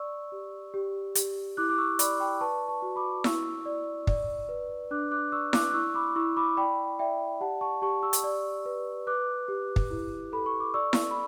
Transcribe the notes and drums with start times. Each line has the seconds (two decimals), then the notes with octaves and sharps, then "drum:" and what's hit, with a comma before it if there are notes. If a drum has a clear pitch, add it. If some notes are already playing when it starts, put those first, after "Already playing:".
Already playing: D5 C#6 E6
0.32 G4
0.74 G4
1.15 G4, drum: hi-hat
1.57 E4 D6 F#6
1.69 D6
1.78 C#6 E6
1.99 D5 B5 D6, drum: hi-hat
2.20 G5 B5
2.41 B4 A5 C#6
2.68 A5 C#6
2.82 F#4
2.96 B5 D6
3.24 E4 C#6 E6, drum: snare E4
3.65 D5
4.07 D5, drum: kick
4.49 B4
4.91 D4 D6 F#6
5.11 D6 F#6
5.32 D5 C#6 E6
5.53 D6 F#6, drum: snare E4
5.70 F#6
5.74 E4 C#6 E6
5.95 B5 D6
6.15 E4 C#6 E6
6.37 B5 D6
6.57 D5 G5 B5
6.99 D5 E5 G5
7.41 G4 F#5 A5
7.61 A5 C#6
7.82 G4 A5 C#6
8.03 C#6 E6
8.13 drum: hi-hat
8.24 D5
8.66 B4
9.07 B4 D6 F#6
9.48 G4
9.76 drum: kick
9.90 E4
10.32 A4 B5
10.46 C#6
10.60 D6
10.74 D5 C#6 E6
10.93 drum: snare E4
11.11 B5